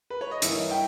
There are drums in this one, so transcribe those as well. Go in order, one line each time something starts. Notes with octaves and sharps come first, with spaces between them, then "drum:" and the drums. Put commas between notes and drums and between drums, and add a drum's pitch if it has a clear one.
B4
C#5
D#5
G2 E3 A#3 E5, drum: hi-hat
G5